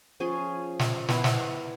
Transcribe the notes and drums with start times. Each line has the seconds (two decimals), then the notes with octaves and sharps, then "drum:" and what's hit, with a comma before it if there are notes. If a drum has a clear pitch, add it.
0.20 F3 C#4 G#4 G#5
0.79 drum: snare
1.08 B3 E4 C5, drum: snare
1.24 drum: snare